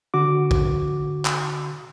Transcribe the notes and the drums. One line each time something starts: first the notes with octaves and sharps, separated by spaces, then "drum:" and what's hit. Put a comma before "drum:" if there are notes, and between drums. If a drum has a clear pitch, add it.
D3 F#4 D6
drum: kick
drum: clap